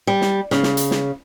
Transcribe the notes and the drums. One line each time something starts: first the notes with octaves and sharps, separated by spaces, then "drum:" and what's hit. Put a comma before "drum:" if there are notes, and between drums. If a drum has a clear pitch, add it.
G3
drum: snare
C#3, drum: snare
drum: snare
drum: hi-hat
drum: snare